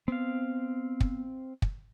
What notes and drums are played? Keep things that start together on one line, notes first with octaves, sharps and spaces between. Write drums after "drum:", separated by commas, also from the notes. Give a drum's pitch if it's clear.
B3 C4 F5
drum: kick
drum: kick